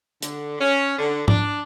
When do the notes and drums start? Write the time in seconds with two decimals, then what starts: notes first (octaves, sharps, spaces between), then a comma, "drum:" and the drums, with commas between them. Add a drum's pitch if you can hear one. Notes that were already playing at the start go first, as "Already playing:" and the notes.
0.22 D3, drum: hi-hat
0.60 C#4
0.98 D3
1.28 D4, drum: tom